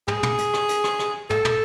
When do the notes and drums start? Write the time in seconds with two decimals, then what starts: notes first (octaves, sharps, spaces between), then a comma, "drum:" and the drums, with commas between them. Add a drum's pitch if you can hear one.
0.08 G#4, drum: tom
0.23 drum: tom
0.38 drum: hi-hat
0.53 drum: rim click
0.69 drum: hi-hat
0.84 drum: rim click
0.99 drum: rim click
1.30 A4, drum: tom
1.45 drum: tom